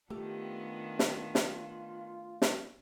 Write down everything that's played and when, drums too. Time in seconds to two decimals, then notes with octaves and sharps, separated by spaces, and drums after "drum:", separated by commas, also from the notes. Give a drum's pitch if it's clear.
0.10 D#3 A3 B3 D4 F4 G4
0.99 drum: snare
1.35 drum: snare
2.42 drum: snare